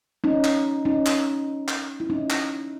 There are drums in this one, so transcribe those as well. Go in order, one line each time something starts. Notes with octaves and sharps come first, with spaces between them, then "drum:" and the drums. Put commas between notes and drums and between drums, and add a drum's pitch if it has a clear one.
C#4 D#4
drum: clap
C#4 D#4
drum: clap
drum: clap
E4
C#4 D#4
drum: clap